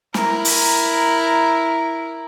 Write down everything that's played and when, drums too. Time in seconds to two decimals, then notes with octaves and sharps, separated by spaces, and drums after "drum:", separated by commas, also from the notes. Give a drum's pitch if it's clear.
0.14 E4 A#4, drum: snare
0.45 drum: open hi-hat